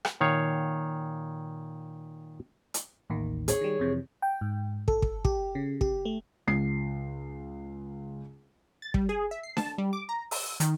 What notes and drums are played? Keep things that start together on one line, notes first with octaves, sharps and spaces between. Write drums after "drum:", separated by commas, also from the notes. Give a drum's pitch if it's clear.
drum: rim click
A#2 D#3 C#5 F5
drum: hi-hat
A1 D#2 D#3
G#4 C#5, drum: hi-hat
D#3 G3
F2 C3 E3
G5
G#2
A4, drum: kick
drum: kick
G4, drum: kick
C#3
G4, drum: kick
A3
C#2 C7
A6
G3, drum: kick
G#4
E5
C7
A5, drum: snare D4
G3
D6
A#5
E6, drum: open hi-hat
D#3, drum: hi-hat